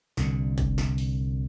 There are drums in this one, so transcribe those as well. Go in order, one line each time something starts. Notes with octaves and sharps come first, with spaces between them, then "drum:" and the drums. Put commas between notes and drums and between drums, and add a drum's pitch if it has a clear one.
C2 D3, drum: snare
drum: kick, hi-hat
drum: snare
drum: open hi-hat